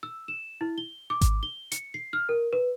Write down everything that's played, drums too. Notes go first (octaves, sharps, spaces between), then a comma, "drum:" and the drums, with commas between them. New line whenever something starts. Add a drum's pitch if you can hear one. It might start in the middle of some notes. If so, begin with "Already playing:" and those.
E6
E7
E4
G7
D6
drum: kick G#1, hi-hat
G7
C#7, drum: hi-hat
C7
F6
A#4
B4